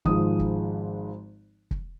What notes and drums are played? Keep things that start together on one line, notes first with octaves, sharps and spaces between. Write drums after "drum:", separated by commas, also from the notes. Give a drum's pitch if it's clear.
G#1 G#2 F3 G#3 D#6, drum: kick
drum: kick
drum: kick